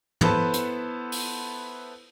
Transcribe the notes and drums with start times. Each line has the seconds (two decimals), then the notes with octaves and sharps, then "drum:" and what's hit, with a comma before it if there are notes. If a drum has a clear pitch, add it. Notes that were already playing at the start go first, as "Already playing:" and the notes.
0.21 B3 E4 A4 B4 C5 A5, drum: tom
0.53 drum: hi-hat
1.12 drum: open hi-hat